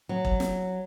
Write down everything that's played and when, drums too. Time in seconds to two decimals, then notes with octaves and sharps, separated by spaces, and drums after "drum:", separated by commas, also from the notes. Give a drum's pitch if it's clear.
0.09 F#3
0.25 drum: kick E1
0.40 drum: snare